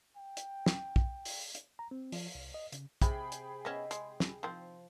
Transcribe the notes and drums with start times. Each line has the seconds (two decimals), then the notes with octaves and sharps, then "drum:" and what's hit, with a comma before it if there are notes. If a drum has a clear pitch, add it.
0.17 G5
0.37 drum: hi-hat
0.66 drum: snare
0.96 drum: kick
1.25 drum: open hi-hat
1.55 drum: hi-hat
1.79 A#5
1.91 C4
2.12 F3, drum: open hi-hat
2.35 C2
2.54 D#5
2.73 C#3, drum: hi-hat
3.02 C3 G#4 G5 B5, drum: kick, hi-hat
3.32 drum: hi-hat
3.65 B3 C#4 D#5 E5 G#5
3.91 G#3, drum: hi-hat
4.20 drum: snare
4.43 D#3 F3 C4 C5